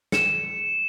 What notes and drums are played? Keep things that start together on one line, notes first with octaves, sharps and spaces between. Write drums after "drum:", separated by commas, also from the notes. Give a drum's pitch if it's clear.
C#7 E7, drum: snare